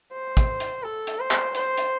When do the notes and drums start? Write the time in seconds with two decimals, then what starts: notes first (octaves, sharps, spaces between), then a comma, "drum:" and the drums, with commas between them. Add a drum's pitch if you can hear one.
0.13 C5
0.37 drum: kick, hi-hat
0.60 drum: hi-hat
0.83 A4
1.07 drum: hi-hat
1.20 C5
1.31 drum: clap
1.55 C5, drum: hi-hat
1.78 drum: hi-hat